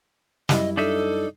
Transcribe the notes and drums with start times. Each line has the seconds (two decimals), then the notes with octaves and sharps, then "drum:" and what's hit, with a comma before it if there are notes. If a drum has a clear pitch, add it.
0.49 F#2 G3 E4 D#5, drum: snare
0.77 D4 D#4 A4 E5